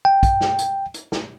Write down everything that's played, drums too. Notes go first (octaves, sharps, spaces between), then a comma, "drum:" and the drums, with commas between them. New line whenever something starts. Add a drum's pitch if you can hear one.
G5
drum: kick, hi-hat
drum: snare
drum: hi-hat
drum: hi-hat
drum: snare